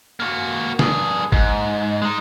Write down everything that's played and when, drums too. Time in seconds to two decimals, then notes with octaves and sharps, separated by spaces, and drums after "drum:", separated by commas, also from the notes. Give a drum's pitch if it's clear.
0.20 A#3 F#4
0.79 G2 G#4, drum: snare D3
1.32 G#2, drum: kick
2.02 G#3 D#4